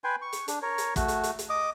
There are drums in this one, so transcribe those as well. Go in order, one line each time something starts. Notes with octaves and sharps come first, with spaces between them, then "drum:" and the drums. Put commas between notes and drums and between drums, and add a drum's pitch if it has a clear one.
B4 G5 G#5 C6
C#6
drum: hi-hat
D4, drum: hi-hat
A#4 C#5
drum: hi-hat
A3 F#4, drum: kick, hi-hat
drum: hi-hat
drum: hi-hat
drum: hi-hat
D#5 D6 D#6